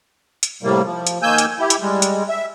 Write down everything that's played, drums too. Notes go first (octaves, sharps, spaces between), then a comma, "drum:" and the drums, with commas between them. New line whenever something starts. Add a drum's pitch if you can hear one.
drum: hi-hat
A2 C3 G3 A#3
F3
drum: hi-hat
D#3 A#3 G#5 E6 G6
drum: hi-hat
E4 G4
drum: hi-hat
G3 G#3
drum: hi-hat
E5